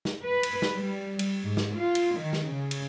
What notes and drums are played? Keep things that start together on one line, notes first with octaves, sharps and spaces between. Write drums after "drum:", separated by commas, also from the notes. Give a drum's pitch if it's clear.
drum: snare
B4
drum: cymbal
drum: snare
G3
drum: cymbal
G#2
drum: snare
F4
drum: cymbal
D#3
drum: snare
C#3
drum: cymbal